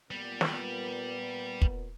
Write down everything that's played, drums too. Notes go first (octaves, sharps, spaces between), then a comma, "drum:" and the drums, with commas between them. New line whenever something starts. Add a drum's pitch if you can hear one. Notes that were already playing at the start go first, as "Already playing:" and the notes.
A#2 G3 B3
drum: snare
drum: kick